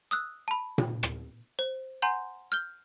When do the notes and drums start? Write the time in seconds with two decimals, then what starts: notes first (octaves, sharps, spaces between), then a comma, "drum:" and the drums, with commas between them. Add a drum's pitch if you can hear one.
0.11 D#6 E6 F#6
0.48 A5 B5
0.78 drum: tom A#2
1.03 drum: rim click
1.59 C5
2.02 F#5 G#5 A#5 C6 G6
2.52 F6 G6 G7